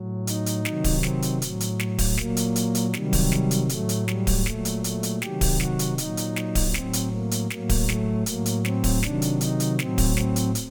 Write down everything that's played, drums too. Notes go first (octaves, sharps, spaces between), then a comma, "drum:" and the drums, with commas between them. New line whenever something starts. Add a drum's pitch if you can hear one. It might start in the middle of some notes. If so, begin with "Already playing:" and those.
Already playing: A2 F#3
D#4, drum: hi-hat
drum: hi-hat
C3 D#3 F#3, drum: snare
drum: kick D1, open hi-hat
C4, drum: snare
drum: hi-hat
A2 F#3, drum: hi-hat
drum: hi-hat
drum: snare
drum: kick D1, open hi-hat
A#2 F#3 A#3, drum: snare
drum: hi-hat
drum: hi-hat
drum: hi-hat
C3 D#3 F#3 G3, drum: snare
drum: kick D1, open hi-hat
drum: snare
drum: hi-hat
A2 F#3 A3, drum: hi-hat
drum: hi-hat
G3, drum: snare
drum: kick D1, open hi-hat
A#2 F#3 A3, drum: snare
drum: hi-hat
A3, drum: hi-hat
drum: hi-hat
C3 D#3 F#3 G4, drum: snare
drum: kick D1, open hi-hat
F#4, drum: snare
drum: hi-hat
A#2 F#3 D#4, drum: hi-hat
drum: hi-hat
drum: snare
drum: kick D1, open hi-hat
A2 F#3 C4, drum: snare
drum: hi-hat
A#3
drum: hi-hat
A2 F#3 A#3, drum: snare
drum: kick D1, open hi-hat
A3, drum: snare
A2 F#3 A#3, drum: hi-hat
drum: hi-hat
C4, drum: snare
drum: kick D1, open hi-hat
C3 D#3 F#3 D4, drum: snare
drum: hi-hat
D#4, drum: hi-hat
drum: hi-hat
A2 F#3 C4, drum: snare
drum: kick D1, open hi-hat
C4, drum: snare
drum: hi-hat
drum: hi-hat